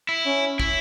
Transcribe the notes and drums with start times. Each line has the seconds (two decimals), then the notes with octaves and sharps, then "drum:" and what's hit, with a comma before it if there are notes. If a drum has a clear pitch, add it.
0.09 E4
0.26 C#4
0.60 E4, drum: kick